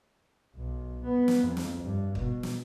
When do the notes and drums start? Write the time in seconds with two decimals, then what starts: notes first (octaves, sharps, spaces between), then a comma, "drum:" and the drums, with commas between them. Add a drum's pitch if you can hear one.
0.56 B1
1.04 B3
1.28 drum: snare
1.43 F2
1.57 drum: snare
1.83 G2
2.15 B2, drum: kick
2.43 drum: snare